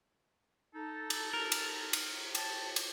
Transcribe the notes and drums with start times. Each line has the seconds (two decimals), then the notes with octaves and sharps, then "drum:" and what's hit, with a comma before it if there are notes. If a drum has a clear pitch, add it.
0.74 D#4 A4
1.10 drum: cymbal
1.33 A#4
1.52 drum: cymbal
1.93 drum: cymbal
2.35 C#5 G5 A5, drum: cymbal
2.76 drum: cymbal